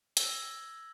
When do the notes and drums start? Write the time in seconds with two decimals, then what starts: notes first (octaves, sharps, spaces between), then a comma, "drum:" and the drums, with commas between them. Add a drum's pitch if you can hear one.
0.17 E6 G#6 A#6 F#7 G7, drum: hi-hat
0.46 G7